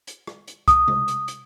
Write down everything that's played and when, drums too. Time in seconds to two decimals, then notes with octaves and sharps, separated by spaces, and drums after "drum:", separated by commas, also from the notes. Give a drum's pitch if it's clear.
0.07 drum: hi-hat
0.27 drum: rim click
0.48 drum: hi-hat
0.68 D#6, drum: kick, hi-hat
0.88 drum: tom C3
1.08 drum: hi-hat
1.28 drum: hi-hat